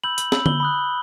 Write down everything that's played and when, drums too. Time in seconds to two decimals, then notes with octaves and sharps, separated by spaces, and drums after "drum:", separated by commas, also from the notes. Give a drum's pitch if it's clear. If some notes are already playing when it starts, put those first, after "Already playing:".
0.04 B5 E6 G6 F#7
0.18 F#7, drum: hi-hat
0.32 B5 E6 G6 F#7, drum: snare
0.46 G7, drum: tom D3
0.60 B5 D#6 F#6